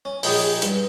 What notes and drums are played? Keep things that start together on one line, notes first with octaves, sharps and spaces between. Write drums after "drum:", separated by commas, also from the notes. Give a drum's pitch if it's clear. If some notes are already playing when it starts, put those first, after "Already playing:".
C#4
A#1 D#4 G4 G#4 G#5, drum: open hi-hat
G2, drum: hi-hat